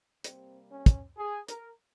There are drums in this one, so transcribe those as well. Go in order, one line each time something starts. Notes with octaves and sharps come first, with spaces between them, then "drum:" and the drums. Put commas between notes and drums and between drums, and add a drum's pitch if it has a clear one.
C3 G3 A#3 C4, drum: hi-hat
C#4
drum: kick, hi-hat
G#4
A#4, drum: hi-hat